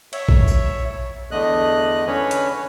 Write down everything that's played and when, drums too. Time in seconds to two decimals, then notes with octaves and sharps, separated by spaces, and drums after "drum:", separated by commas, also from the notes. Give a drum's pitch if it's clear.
0.13 C#5 E5, drum: cymbal
0.29 drum: kick A#1
0.48 drum: tambourine
1.31 E2 D3 A3 D#5 F#6
2.07 D3 C#4 B4 C#5
2.31 drum: hi-hat